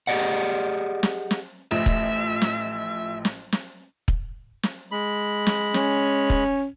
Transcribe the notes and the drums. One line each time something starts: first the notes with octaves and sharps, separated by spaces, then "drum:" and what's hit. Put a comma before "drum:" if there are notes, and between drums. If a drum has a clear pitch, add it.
G4 G#4 A#4 D5 D#5 F#5
drum: snare
drum: snare
A1 F3 A3 E5 A#6
drum: kick
drum: snare
drum: snare
drum: snare
drum: kick
drum: snare
G#3 B5
drum: snare
C#4, drum: snare
drum: kick